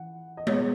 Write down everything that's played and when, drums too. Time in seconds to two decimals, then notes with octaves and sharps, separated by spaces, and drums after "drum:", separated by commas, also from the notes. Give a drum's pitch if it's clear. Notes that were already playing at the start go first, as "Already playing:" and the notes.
Already playing: E3 F#5
0.37 D#5
0.47 B2 G#3 B3 C#5, drum: tom G#3